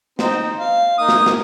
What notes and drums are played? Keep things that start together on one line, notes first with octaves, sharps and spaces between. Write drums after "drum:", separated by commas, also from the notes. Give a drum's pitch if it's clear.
C4 D#4, drum: snare
F5
A#3 D#4 D#6
drum: snare
drum: snare